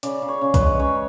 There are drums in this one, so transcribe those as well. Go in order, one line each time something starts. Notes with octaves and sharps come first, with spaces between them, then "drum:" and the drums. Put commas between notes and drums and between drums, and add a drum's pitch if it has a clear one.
C#3 D5, drum: hi-hat
C#3
C#5
C#3
B4, drum: kick B1, hi-hat
G#3
C#3 C#5